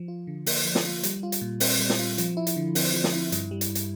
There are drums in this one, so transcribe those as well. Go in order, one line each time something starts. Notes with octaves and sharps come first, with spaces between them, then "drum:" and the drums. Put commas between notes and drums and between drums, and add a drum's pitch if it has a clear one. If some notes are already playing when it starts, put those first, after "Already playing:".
Already playing: F3
F4
D3
A#3, drum: open hi-hat
F3
drum: snare
F4
G3, drum: hi-hat
F4
drum: hi-hat
A#2
C4, drum: open hi-hat
G3
drum: snare
F4
F3, drum: hi-hat
E4
drum: hi-hat
D3
C4, drum: open hi-hat
F3
drum: snare
E4
G2, drum: hi-hat
G3
drum: hi-hat
drum: hi-hat